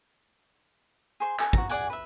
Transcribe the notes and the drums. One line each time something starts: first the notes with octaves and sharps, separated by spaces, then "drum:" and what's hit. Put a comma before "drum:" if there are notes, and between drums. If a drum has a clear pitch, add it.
G#4 C5 C6
A4 G#5, drum: clap
F#4 A#5, drum: kick
G#4 D5 F#5 G#5, drum: hi-hat
B4 E5